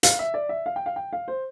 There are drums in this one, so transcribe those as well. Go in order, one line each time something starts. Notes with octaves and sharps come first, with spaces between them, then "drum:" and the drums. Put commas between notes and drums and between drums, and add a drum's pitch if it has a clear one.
F5, drum: hi-hat
E5
D5
E5
F5
G5
F5
G5
F5
C5